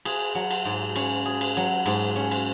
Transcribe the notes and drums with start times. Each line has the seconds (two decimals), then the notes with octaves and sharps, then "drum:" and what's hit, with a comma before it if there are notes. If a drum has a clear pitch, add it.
0.05 G#4, drum: cymbal
0.35 F#3
0.51 drum: cymbal
0.65 G#2
0.96 C#4, drum: cymbal
1.25 G#4
1.41 drum: cymbal
1.57 F#3
1.86 G#2, drum: cymbal
2.16 C#4
2.31 drum: cymbal